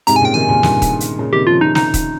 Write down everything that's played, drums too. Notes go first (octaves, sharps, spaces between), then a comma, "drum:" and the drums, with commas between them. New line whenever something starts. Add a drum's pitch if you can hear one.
G#2 C3 A#5, drum: hi-hat
G#5
A#2 C#3 G5
C3 D#3 G#5
A#2 C#3
G2 A#2, drum: snare
drum: kick D#1, hi-hat
drum: hi-hat
A#2 C#3
C3 D#3 G4
C#3 F3 F4
C3 D#3 D#4
C3 D#3 D#4, drum: snare
drum: kick D#1, hi-hat